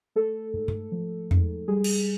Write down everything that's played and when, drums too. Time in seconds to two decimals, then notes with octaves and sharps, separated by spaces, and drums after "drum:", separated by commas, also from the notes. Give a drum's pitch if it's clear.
0.16 A3 A4
0.54 G#2
0.68 drum: tom G2
0.92 F3
1.31 G#2, drum: tom E2
1.68 G3 G#4
1.84 drum: cymbal